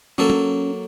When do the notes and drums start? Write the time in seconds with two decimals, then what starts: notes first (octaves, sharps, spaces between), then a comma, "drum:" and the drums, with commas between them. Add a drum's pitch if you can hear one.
0.18 F#3 A#3 C#4 A4
0.30 drum: tom